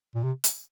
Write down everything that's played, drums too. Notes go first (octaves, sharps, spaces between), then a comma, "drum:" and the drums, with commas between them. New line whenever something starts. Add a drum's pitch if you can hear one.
A#2
C3
drum: hi-hat